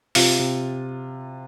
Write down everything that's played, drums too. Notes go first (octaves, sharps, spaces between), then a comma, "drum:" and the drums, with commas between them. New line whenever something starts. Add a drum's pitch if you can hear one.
C3 F4, drum: open hi-hat
C3